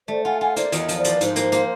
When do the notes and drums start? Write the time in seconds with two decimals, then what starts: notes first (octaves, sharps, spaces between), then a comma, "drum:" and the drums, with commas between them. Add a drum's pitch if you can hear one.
0.08 A3 C5 D5
0.24 F4 F#5 G#5
0.40 F4 F#5 G#5
0.56 A#3 C5 D5, drum: hi-hat
0.72 E2, drum: hi-hat
0.78 C#5 D#5
0.88 F3, drum: hi-hat
0.99 C5 D5
1.04 F3, drum: hi-hat
1.15 B4
1.21 G#2 C5, drum: hi-hat
1.36 A#3, drum: hi-hat
1.52 A#3, drum: hi-hat